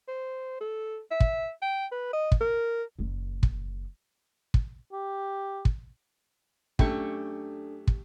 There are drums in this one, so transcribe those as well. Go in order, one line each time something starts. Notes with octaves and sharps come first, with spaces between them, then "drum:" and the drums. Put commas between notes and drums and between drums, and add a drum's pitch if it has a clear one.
C5
A4
E5
drum: kick
G5
B4
D#5
drum: kick
A#4
F#1 D#3
drum: kick
drum: kick
G4
drum: kick
F#2 A3 D4 G4 A4 C#6, drum: kick
drum: kick